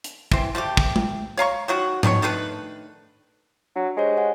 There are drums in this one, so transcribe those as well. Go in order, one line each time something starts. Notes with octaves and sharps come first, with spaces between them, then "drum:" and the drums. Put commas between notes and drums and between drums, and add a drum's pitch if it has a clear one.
drum: hi-hat
E3 C4, drum: kick
F3 G3 A3 G4
drum: kick
drum: tom G#3
C#5 F5 A#5 C#6
D#3 F#3 F#4
B2 D#3 D4 C#5, drum: tom G#2
D#3 A3 D4 B4
F#3 D4
G#3 G4 C5 C#5
D#5 F#5 G#5